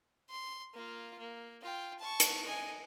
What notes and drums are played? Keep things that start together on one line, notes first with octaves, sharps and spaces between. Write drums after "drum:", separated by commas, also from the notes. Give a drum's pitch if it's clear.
C6
A#3 F4
A#3
F4 G5
A5 C#6
drum: hi-hat
D#5 G#5